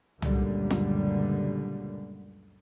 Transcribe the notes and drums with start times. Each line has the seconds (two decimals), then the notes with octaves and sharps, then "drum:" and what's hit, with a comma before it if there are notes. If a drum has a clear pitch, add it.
0.22 C#2 F#2 A#2 D3 G3, drum: tom
0.70 drum: snare F4